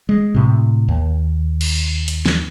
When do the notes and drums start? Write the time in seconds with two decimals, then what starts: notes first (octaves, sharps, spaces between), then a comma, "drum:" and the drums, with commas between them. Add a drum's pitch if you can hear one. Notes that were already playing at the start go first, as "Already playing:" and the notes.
0.09 G#3
0.35 A2 C3
0.88 D#2
1.61 drum: cymbal
2.08 drum: hi-hat
2.26 drum: snare